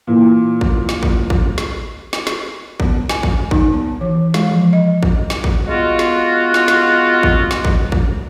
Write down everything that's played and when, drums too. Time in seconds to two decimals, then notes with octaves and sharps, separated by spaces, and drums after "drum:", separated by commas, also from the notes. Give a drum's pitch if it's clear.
0.07 A#2 E3
0.61 drum: kick
0.89 drum: snare
1.03 drum: kick
1.30 drum: kick
1.58 drum: snare
2.13 drum: snare
2.27 drum: snare
2.80 B3, drum: kick
3.09 G#5, drum: snare
3.23 drum: kick
3.51 D#4, drum: kick
3.73 B3
4.01 E3
4.34 G#3, drum: snare
4.52 F3
4.73 D#5
5.03 drum: kick
5.30 drum: snare
5.44 drum: kick
5.67 G#3 B3 F4 F#4
5.99 drum: snare
6.54 drum: snare
6.68 drum: snare
7.23 drum: kick
7.51 drum: snare
7.65 drum: kick
7.92 drum: kick